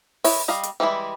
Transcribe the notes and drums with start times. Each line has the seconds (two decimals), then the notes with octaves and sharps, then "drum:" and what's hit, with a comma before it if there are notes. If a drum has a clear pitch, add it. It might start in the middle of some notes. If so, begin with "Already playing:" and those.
0.24 E4 C#5 D#5, drum: open hi-hat
0.48 G3 D#5 F5
0.63 drum: hi-hat
0.80 E3 G3 G#3 E4